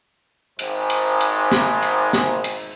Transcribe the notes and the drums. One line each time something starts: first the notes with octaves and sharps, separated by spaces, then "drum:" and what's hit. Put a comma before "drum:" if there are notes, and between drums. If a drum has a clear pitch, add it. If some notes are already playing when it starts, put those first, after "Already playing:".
G#1 G#2, drum: cymbal
drum: cymbal
drum: cymbal
drum: snare
drum: cymbal
drum: snare
drum: cymbal